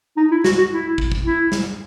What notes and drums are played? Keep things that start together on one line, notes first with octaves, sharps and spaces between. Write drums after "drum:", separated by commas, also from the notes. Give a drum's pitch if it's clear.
D#4
E4
F#4, drum: snare
F#4
E4
drum: kick
drum: kick
E4
drum: snare